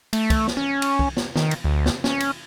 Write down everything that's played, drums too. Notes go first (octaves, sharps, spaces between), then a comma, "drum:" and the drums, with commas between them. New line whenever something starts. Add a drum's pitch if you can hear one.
A3, drum: cymbal
drum: kick, cymbal
drum: snare
C#4
drum: cymbal
drum: kick
drum: snare
D#3, drum: snare
drum: cymbal
D2
drum: snare
C#4, drum: snare
drum: cymbal